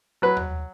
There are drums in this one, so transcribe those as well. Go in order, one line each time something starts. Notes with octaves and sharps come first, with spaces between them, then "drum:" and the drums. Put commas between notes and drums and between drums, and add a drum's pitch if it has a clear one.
F#3 B4
drum: tom D#2